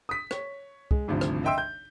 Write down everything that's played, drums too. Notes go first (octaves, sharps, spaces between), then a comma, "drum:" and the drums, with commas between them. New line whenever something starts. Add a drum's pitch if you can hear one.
D#6 B6
C#5, drum: rim click
G#3, drum: kick
G#1 D2 C3 F3 G3
drum: rim click
D#5 E5 G5 C6 E6
G6